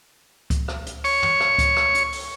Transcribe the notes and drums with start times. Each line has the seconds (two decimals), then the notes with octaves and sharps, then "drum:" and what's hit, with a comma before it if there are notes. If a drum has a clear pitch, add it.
0.50 drum: kick C#2, hi-hat
0.68 drum: rim click
0.86 drum: hi-hat
1.04 C#5 C#6, drum: open hi-hat
1.22 drum: tom
1.40 drum: rim click
1.58 drum: kick C#2, hi-hat
1.76 drum: rim click
1.94 drum: hi-hat
2.12 drum: open hi-hat